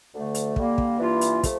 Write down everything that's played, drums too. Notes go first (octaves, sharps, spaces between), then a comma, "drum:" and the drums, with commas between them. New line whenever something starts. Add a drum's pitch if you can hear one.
D2 D3 A3
drum: hi-hat
D3 G3 A#3, drum: kick
drum: kick
G2 E3 A#3 F4
drum: hi-hat
C3 F3 A3, drum: kick, hi-hat